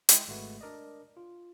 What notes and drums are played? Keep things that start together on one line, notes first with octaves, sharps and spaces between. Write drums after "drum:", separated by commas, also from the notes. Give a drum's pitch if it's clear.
G#3 E4 D#5 G5 C6 D#6, drum: hi-hat
G#1 G#3 A3 F#4 B4
D4 A#4 D5 D#5
F4